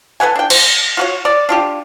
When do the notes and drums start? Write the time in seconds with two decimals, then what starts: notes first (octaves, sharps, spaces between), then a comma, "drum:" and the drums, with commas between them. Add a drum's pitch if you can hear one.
0.20 A4 B4 F#5 G#5
0.35 D4 G5
0.50 C5, drum: cymbal
0.97 F4 F#4 C#5
1.25 D5
1.49 D4 F4 G4